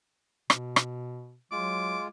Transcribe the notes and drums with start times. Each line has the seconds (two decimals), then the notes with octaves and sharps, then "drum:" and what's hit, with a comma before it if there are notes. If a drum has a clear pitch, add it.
0.50 B2, drum: rim click
0.76 drum: rim click
1.52 F#3 G#3 F4 D6